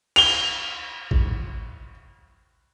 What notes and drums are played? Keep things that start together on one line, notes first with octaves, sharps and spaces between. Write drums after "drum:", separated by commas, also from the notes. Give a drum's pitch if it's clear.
F7 G7, drum: cymbal
drum: kick